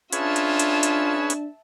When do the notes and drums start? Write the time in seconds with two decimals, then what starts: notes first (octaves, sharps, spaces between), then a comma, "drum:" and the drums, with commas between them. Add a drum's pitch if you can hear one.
0.12 C#4 D4 F4 G#4 B4 E5 A5, drum: hi-hat
0.36 drum: hi-hat
0.59 drum: hi-hat
0.83 drum: hi-hat
1.30 drum: hi-hat